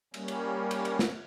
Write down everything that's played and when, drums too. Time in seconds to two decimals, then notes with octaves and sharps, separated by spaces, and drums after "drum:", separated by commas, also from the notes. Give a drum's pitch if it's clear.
0.14 G3 A#3 C#4, drum: cymbal
0.28 drum: cymbal
0.71 drum: cymbal
0.85 drum: cymbal
0.99 drum: snare